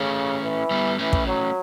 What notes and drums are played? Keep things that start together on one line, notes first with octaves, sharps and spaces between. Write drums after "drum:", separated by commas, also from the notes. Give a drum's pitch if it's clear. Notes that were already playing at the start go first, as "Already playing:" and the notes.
Already playing: C#3 A3 C#4
E3
G3 B3
E3 A3 C#4
drum: kick
F#3